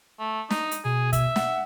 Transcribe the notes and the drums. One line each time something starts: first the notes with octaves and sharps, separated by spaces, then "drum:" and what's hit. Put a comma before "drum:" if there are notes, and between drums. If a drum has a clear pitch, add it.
A3
D#4, drum: snare
drum: hi-hat
B2 G#4
E5, drum: kick, hi-hat
F#5, drum: snare